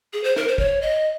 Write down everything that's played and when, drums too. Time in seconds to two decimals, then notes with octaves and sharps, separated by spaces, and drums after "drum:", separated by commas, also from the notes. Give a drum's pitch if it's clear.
0.13 G#4
0.24 C5
0.36 A#4, drum: snare
0.48 C5
0.58 C#5, drum: kick
0.82 D#5